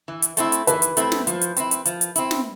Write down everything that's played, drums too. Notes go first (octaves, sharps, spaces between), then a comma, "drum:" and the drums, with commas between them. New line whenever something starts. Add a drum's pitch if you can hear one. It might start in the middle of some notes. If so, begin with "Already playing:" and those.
E3
drum: hi-hat
A3 C4 E4, drum: hi-hat
drum: hi-hat
E3 B4, drum: hi-hat
drum: hi-hat
A3 C4 E4, drum: hi-hat
drum: snare
F3, drum: hi-hat
drum: hi-hat
C4 E4, drum: hi-hat
drum: hi-hat
F3, drum: hi-hat
drum: hi-hat
C4 E4, drum: hi-hat
drum: snare